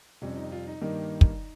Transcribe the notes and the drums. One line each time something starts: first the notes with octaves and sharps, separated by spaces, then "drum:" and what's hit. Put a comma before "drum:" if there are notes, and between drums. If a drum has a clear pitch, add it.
F2 C3 G3 C#4
D#4
F4
D#4
G2 D#3 G3 A#3 D#4
drum: kick